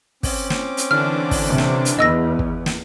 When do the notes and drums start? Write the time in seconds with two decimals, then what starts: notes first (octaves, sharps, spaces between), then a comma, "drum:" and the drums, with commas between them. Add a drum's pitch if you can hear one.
0.23 C4 C#4 D6, drum: kick, open hi-hat
0.50 drum: snare
0.77 drum: hi-hat
0.91 D3 E3 D4 F6
1.31 drum: kick, open hi-hat
1.48 C3
1.58 drum: snare
1.85 drum: hi-hat
1.99 E2 D#5 E6 A#6
2.39 drum: kick
2.66 drum: snare